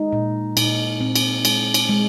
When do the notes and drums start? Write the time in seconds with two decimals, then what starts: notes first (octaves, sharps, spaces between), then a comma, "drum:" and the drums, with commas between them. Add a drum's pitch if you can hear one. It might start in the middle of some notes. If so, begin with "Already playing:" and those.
Already playing: G#3 D#4
0.13 A#2
0.57 A#2 D#4, drum: cymbal
1.00 A#2 C4
1.16 drum: cymbal
1.45 G#3, drum: cymbal
1.74 drum: cymbal
1.89 G#3